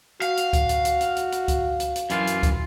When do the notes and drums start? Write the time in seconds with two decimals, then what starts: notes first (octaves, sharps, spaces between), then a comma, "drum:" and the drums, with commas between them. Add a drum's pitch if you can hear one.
0.22 F#4 F5, drum: hi-hat
0.37 drum: hi-hat
0.53 drum: kick C#2, hi-hat
0.69 drum: hi-hat
0.85 drum: hi-hat
1.01 drum: hi-hat
1.16 drum: hi-hat
1.32 drum: hi-hat
1.48 drum: kick C#2, hi-hat
1.80 drum: hi-hat
1.96 drum: hi-hat
2.10 F#2 E3 F4, drum: hi-hat
2.27 drum: hi-hat
2.43 drum: kick C#2, hi-hat